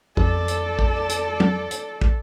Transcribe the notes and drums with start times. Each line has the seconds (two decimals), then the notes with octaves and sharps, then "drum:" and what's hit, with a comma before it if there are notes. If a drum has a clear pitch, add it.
0.17 F2 A4 D5, drum: kick
0.48 drum: hi-hat
0.79 drum: kick
1.09 drum: hi-hat
1.40 drum: tom
1.71 drum: hi-hat
2.01 drum: kick